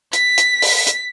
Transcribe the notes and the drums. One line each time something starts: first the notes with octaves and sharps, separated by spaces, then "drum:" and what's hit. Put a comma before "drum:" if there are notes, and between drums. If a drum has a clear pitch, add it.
B6, drum: hi-hat
drum: hi-hat
drum: open hi-hat
drum: hi-hat